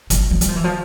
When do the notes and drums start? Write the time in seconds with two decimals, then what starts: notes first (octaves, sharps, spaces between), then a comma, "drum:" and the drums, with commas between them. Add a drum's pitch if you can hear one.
0.10 F3, drum: kick G1, hi-hat
0.21 E3
0.31 F3
0.41 G3, drum: hi-hat
0.48 F3
0.56 E3
0.64 F3